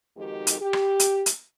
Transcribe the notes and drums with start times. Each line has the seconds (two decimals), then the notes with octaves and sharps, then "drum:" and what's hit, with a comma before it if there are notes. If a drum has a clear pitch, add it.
0.16 F2 D#3 G#3 D#4 F#4 G4
0.47 drum: hi-hat
0.60 G4
0.73 drum: rim click
1.00 drum: hi-hat
1.26 drum: hi-hat